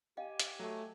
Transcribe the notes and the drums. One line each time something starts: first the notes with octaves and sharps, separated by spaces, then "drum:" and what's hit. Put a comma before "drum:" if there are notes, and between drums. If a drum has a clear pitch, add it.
G4 D#5 F5 G5 G#5
drum: hi-hat
F#3 A3